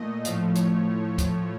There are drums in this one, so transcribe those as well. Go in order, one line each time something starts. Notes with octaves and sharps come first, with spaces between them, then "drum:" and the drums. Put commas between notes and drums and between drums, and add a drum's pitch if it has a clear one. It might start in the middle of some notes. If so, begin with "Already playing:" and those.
Already playing: A#2 A3 D#5
A2 F3 A3 F5, drum: hi-hat
C#5, drum: hi-hat
drum: kick, hi-hat